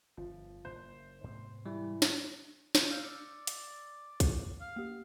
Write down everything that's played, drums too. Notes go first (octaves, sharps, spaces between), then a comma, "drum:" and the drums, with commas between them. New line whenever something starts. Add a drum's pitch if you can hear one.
G1 F3
F#1 D#2 A#3 C5
G#2 C3 B3
E3 G3
drum: snare
drum: snare
F5 E6 G6
D5 E6 C#7
drum: hi-hat
drum: kick, hi-hat
F5
A#3 G4